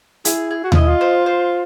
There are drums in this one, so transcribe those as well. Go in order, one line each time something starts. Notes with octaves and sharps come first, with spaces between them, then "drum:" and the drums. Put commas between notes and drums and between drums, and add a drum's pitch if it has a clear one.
E4 G#4, drum: hi-hat
G#4
F#4
F4, drum: tom D#2
E4 D#5
F4
C5
C5